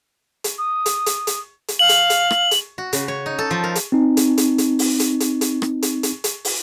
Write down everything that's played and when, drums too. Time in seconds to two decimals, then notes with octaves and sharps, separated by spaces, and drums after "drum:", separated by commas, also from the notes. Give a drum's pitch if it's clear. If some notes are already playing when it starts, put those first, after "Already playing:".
0.44 drum: hi-hat
0.58 D#6
0.86 drum: hi-hat
1.06 drum: hi-hat
1.27 drum: hi-hat
1.68 drum: hi-hat
1.79 F5 F#7
1.89 drum: hi-hat
2.10 drum: hi-hat
2.31 drum: rim click
2.51 drum: hi-hat
2.78 F#4
2.93 C#3, drum: hi-hat
3.08 C#5
3.26 D#4
3.38 A4
3.51 F3
3.64 A#4
3.75 drum: hi-hat
3.92 C4 D#4
4.17 drum: hi-hat
4.38 drum: hi-hat
4.58 drum: hi-hat
4.79 drum: open hi-hat
5.00 drum: hi-hat
5.20 drum: hi-hat
5.41 drum: hi-hat
5.62 drum: rim click
5.82 drum: hi-hat
6.03 drum: hi-hat
6.24 drum: hi-hat
6.45 drum: open hi-hat